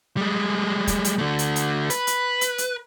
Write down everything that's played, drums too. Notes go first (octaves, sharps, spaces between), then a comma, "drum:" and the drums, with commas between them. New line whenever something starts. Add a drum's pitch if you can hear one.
G3 G#3
drum: kick, hi-hat
drum: hi-hat
D3 A3
drum: hi-hat
drum: hi-hat
B4, drum: hi-hat
drum: hi-hat
drum: hi-hat
drum: hi-hat